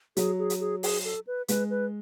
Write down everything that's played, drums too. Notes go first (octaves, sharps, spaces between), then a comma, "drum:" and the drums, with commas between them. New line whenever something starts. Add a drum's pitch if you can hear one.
F#3 G#4, drum: hi-hat
G#4
drum: hi-hat
G#4
G#4, drum: open hi-hat
A4
B4
G#3 B4, drum: hi-hat
B4